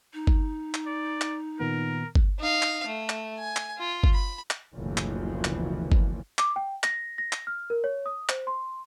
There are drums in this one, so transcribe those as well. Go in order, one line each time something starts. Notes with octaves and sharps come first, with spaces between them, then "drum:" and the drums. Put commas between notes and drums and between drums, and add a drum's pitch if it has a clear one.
D#4
drum: kick G1
drum: clap
D5
drum: clap
A#2 D#3 B3 A#4
drum: kick G1
D#4 F5
drum: clap
A3
drum: clap
G#5
drum: clap
F4
drum: kick G1
B5
drum: clap
F#1 D2 B2 E3 F3
drum: clap
drum: clap
drum: kick G1
D6, drum: clap
G5
A#6, drum: clap
A#6
drum: clap
F6
A#4
C#5
D#6
C5, drum: clap
C6